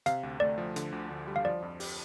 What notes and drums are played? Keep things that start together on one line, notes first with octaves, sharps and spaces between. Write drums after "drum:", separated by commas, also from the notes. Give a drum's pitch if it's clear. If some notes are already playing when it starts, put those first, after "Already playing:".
C3 F5, drum: hi-hat
D2
A3 D5
F3
D3, drum: hi-hat
D2
D2
G3
F5
F3 D5
F2
G4, drum: open hi-hat